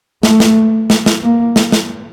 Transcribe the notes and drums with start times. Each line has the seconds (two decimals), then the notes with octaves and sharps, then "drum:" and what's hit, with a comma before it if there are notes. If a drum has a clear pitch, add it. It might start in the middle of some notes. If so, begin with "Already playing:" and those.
0.23 A3, drum: snare
0.40 drum: snare
0.90 drum: snare
1.06 drum: snare
1.23 A#3
1.56 drum: snare
1.72 drum: snare